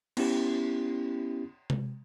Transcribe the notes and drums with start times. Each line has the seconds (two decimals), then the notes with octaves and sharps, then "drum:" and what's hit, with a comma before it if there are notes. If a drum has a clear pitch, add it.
0.17 B3 C#4 E4 G4, drum: cymbal
1.70 drum: tom C3